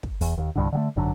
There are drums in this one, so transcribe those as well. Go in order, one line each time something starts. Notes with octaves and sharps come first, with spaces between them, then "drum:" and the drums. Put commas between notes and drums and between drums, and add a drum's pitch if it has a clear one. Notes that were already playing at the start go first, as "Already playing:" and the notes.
drum: kick
E2, drum: open hi-hat
D#2
C2 G2 D3
D3 F#3 A3
G#1 F#2 D3